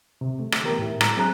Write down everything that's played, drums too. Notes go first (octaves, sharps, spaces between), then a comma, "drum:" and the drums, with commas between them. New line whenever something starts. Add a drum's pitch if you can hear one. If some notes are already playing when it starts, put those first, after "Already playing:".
C3
A3
drum: rim click
E3 B3 G4 A#4
A2 E4
G#3 A#5, drum: rim click
F#3 C4 D4 G#4 A#5 F#6